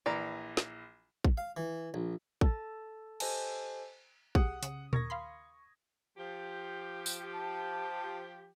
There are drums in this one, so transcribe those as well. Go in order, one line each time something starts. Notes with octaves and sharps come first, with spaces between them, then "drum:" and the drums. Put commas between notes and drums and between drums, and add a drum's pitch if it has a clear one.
A#1 E3 D5 A#5
drum: snare
drum: kick
F5
E3
A#1
A4 A5 A6, drum: kick
G4 A4 C5 D#5 G#5 A5, drum: cymbal
C2 G4 G#4 F#5 D#6, drum: kick
C#3, drum: hi-hat
D#2 A#4 C#6 G#6 A#6, drum: tom A#2
F5 B5 C6
F3 G4
drum: tambourine
A5